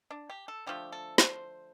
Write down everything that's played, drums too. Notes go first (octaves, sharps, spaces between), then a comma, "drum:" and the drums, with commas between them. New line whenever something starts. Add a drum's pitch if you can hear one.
D4
G4
A4
D3 F3 A3 G4
A4
C5, drum: snare